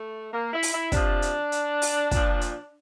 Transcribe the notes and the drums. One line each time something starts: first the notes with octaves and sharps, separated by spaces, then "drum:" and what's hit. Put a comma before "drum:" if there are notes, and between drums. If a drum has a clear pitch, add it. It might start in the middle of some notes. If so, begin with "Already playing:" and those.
Already playing: A3
A#3
E4
drum: open hi-hat
E4
C3 F3 D4, drum: kick, hi-hat
drum: hi-hat
drum: hi-hat
drum: open hi-hat
A#2 F3, drum: kick, hi-hat
drum: hi-hat